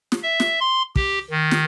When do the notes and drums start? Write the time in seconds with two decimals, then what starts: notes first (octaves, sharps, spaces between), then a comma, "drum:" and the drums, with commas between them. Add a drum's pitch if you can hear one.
0.12 drum: snare
0.23 E5
0.40 drum: snare
0.60 C6
0.96 G4, drum: kick
1.31 D#3
1.51 drum: snare